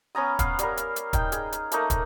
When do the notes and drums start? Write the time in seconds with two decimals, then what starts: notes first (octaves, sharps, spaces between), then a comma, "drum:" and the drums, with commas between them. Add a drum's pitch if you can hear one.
0.15 B3 C#4 A#5 D#6
0.39 B3 F5, drum: kick, hi-hat
0.59 G3 A#4, drum: hi-hat
0.77 drum: hi-hat
0.96 drum: hi-hat
1.13 D#4 G5, drum: kick, hi-hat
1.32 G#4, drum: hi-hat
1.52 drum: hi-hat
1.72 A3 A#3 D#4 A#4, drum: hi-hat
1.90 drum: kick, hi-hat